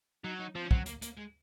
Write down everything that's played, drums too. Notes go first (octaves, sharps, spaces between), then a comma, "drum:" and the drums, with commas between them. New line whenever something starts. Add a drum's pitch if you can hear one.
F#3 D#4
D#4
F3 C4
C#4
F#3 C4, drum: kick
A#3, drum: hi-hat
A#3, drum: hi-hat
G#3